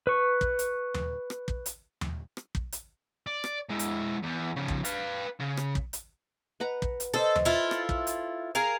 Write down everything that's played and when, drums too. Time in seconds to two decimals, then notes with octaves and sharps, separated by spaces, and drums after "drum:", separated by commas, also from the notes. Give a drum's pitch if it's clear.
0.07 B4 C#6
0.41 drum: kick
0.59 drum: hi-hat
0.94 drum: tom D#2
1.30 drum: rim click
1.48 drum: kick
1.66 drum: hi-hat
2.01 drum: tom D#2
2.37 drum: rim click
2.55 drum: kick
2.72 drum: hi-hat
3.26 D5
3.44 drum: rim click
3.70 G#3 E4
3.79 drum: hi-hat
4.23 E2
4.57 C#3 F3
4.68 drum: kick
4.85 B4 F5, drum: hi-hat
5.40 C#3
5.57 drum: rim click
5.75 drum: kick
5.93 drum: hi-hat
6.60 B4 F#5 A#5
6.82 drum: kick
7.00 drum: hi-hat
7.14 A4 C5 D#5
7.35 drum: tom D#2
7.45 E4 F4 A4
7.71 drum: rim click
7.89 drum: kick
8.07 drum: hi-hat
8.55 G#4 A#4 F5